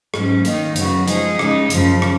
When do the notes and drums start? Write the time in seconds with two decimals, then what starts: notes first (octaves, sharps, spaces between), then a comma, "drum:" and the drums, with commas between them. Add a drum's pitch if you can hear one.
0.14 G#2 F#3 C#4, drum: rim click
0.45 D#3 A#3 D#4, drum: hi-hat
0.76 F#2 C#3 F#3 B3 F#4, drum: hi-hat
1.08 F3 G#3 D#4 G#4, drum: hi-hat
1.39 C#3 G#3 D#4, drum: rim click
1.70 F#2 C#3 F3, drum: hi-hat
2.02 drum: rim click